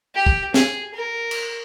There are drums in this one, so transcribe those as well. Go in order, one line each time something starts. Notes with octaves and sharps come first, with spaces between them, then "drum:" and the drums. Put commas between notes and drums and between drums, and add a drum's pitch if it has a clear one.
G4
drum: kick
G#4, drum: snare
A#4
drum: cymbal